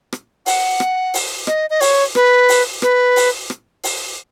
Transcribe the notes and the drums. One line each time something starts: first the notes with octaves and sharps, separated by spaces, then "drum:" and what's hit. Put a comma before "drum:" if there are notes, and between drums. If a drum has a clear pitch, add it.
drum: rim click
F#5, drum: open hi-hat
drum: rim click
drum: open hi-hat
D#5, drum: rim click
D#5
C#5, drum: open hi-hat
B4, drum: rim click
drum: open hi-hat
B4, drum: rim click
drum: open hi-hat
drum: rim click
drum: open hi-hat